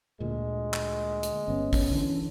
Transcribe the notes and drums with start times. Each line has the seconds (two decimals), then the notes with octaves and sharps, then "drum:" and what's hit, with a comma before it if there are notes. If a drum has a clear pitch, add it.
0.20 D2 A#2 G#3
0.74 drum: clap
1.23 drum: hi-hat
1.48 G1 B3 C#4
1.73 drum: kick, open hi-hat
1.91 D3 E3